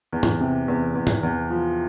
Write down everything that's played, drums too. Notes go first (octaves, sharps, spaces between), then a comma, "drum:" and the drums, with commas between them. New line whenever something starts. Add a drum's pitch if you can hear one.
E2
drum: tom
C3
E2
E2
drum: tom
E2
F3